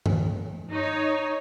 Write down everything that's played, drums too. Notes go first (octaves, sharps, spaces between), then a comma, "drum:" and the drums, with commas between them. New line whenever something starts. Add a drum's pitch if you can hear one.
drum: tom G2
D#4 C#5